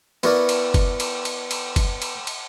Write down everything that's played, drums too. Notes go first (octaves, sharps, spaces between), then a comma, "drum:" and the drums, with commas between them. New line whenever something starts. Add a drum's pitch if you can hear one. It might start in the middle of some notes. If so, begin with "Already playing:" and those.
B3 E4 F#4 A#4 D5, drum: cymbal
drum: cymbal
drum: kick F#1, cymbal
drum: cymbal
drum: cymbal
drum: cymbal
drum: kick F#1, cymbal
drum: cymbal
drum: cymbal